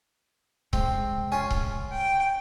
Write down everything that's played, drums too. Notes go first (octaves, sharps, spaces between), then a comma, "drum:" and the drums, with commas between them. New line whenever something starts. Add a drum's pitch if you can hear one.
F1 C#2 G#3 C4, drum: kick C#1
C#4 F4 G#5
drum: kick C#1
G5